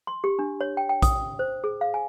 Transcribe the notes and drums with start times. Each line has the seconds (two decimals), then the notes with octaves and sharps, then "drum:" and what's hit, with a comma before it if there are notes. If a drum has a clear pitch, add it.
0.07 C6
0.24 G4
0.39 D4
0.61 C#5
0.77 G5
0.89 G5
1.02 D#6, drum: kick A#1, hi-hat
1.39 C5
1.64 G#4
1.81 F5
1.94 G#5